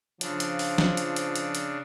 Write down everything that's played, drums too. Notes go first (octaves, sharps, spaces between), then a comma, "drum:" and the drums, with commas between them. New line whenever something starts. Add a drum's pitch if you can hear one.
C#3 F3 D4, drum: hi-hat
drum: hi-hat
drum: open hi-hat
drum: snare
drum: hi-hat
drum: hi-hat
drum: hi-hat
drum: hi-hat